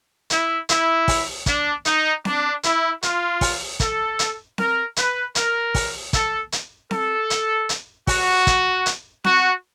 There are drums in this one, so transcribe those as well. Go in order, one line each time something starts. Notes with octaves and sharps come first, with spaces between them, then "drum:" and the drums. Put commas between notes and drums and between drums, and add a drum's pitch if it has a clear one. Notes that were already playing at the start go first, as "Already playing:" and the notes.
E4, drum: hi-hat
E4, drum: hi-hat
drum: kick, open hi-hat
D4, drum: kick, hi-hat
D#4, drum: hi-hat
D4, drum: snare C4
E4, drum: hi-hat
F4, drum: hi-hat
drum: kick, open hi-hat
A4, drum: kick, hi-hat
drum: hi-hat
A#4, drum: snare C4
B4, drum: hi-hat
A#4, drum: hi-hat
drum: kick, open hi-hat
A4, drum: kick, hi-hat
drum: hi-hat
A4, drum: snare C4
drum: hi-hat
drum: hi-hat
F#4, drum: kick, open hi-hat
drum: kick, hi-hat
drum: hi-hat
F#4, drum: snare C4